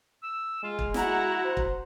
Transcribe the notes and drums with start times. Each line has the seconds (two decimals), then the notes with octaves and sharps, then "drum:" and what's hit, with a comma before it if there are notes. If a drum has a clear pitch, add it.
0.23 E6
0.64 G#3 F4
0.79 drum: kick
0.94 E4 F#4 F#5 A#5, drum: snare
1.45 C5
1.57 drum: kick